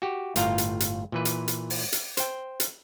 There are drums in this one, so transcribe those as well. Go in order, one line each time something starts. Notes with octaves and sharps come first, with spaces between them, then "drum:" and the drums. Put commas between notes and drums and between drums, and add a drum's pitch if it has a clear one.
F#4 G4
G1 A2 F4 F5 G5 A#5, drum: hi-hat
drum: hi-hat
drum: hi-hat
A#2 E3 B4
drum: hi-hat
drum: hi-hat
drum: open hi-hat
drum: hi-hat
C5 G5, drum: hi-hat
drum: hi-hat